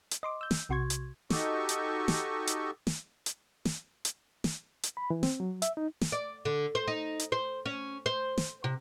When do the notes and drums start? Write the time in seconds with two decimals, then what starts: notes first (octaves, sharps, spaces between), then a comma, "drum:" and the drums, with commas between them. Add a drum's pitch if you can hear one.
0.11 drum: hi-hat
0.23 D#5 C6 D6
0.41 E6 G6
0.51 drum: snare
0.69 B1 C3 F#4 C6 C#6 G#6
0.90 drum: hi-hat
1.30 D#4 F#4 G4 A4 D#5 C#6, drum: snare
1.69 drum: hi-hat
2.08 drum: snare
2.47 drum: hi-hat
2.87 drum: snare
3.26 drum: hi-hat
3.65 drum: snare
4.05 drum: hi-hat
4.44 drum: snare
4.83 drum: hi-hat
4.97 B5
5.10 E3
5.23 C4, drum: snare
5.40 F#3
5.62 E5, drum: hi-hat
5.77 D#4
6.01 drum: snare
6.12 D5
6.45 D3
6.75 C5
6.88 D#4
7.19 drum: hi-hat
7.32 C5
7.66 C#4
8.06 C5
8.38 drum: snare
8.64 C3